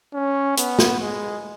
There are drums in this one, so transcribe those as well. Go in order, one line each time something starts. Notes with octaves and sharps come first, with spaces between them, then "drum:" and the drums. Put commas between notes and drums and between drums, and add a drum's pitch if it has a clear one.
C#4
B3, drum: hi-hat
drum: snare
G#3